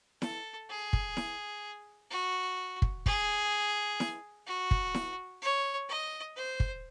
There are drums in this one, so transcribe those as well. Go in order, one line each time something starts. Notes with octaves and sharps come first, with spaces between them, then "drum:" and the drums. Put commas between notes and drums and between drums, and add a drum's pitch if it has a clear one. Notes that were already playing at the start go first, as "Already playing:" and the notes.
A4, drum: snare E4
G#4
drum: kick
drum: snare E4
F#4
drum: kick
G#4, drum: kick
drum: snare E4
F#4
drum: kick
drum: snare E4
C#5
D#5
C5
drum: kick